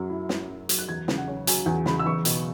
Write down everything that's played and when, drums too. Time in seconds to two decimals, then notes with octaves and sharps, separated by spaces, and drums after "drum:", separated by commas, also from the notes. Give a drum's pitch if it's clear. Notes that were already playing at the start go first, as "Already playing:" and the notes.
Already playing: F#2 F#3
0.10 E4
0.29 C#4, drum: snare
0.48 F#2
0.69 F#3, drum: hi-hat
0.79 F#6
0.88 E2 G#6
1.08 C#3, drum: snare
1.17 F#5
1.28 C#4
1.47 F#3 G#5, drum: hi-hat
1.66 E2 G#5
1.86 C#3 B5, drum: snare
1.99 E6
2.06 E2 C#6
2.25 B2, drum: hi-hat